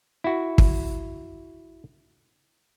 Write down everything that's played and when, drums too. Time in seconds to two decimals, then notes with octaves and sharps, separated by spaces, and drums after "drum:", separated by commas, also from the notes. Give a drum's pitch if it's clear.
0.24 E4 F#4
0.58 drum: kick